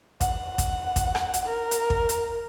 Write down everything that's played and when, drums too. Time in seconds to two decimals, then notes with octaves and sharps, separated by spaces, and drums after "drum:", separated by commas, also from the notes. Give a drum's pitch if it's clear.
0.21 F#5, drum: kick, hi-hat
0.58 drum: kick, hi-hat
0.96 drum: kick, hi-hat
1.15 drum: rim click
1.34 drum: hi-hat
1.46 A#4
1.71 drum: hi-hat
1.90 drum: kick
2.09 drum: hi-hat